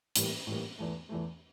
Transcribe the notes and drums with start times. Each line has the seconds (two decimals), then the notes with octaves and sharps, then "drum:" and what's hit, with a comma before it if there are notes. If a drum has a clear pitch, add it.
0.16 A2 E3 G3 A#3, drum: hi-hat
0.47 A2 E3 G3 A#3
0.79 E2 E3 A3
1.09 E2 E3 A3